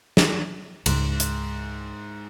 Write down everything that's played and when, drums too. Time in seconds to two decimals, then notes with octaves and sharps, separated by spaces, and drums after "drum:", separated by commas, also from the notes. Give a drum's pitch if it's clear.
0.17 drum: snare
0.86 C#2 G#2, drum: cymbal
1.20 drum: hi-hat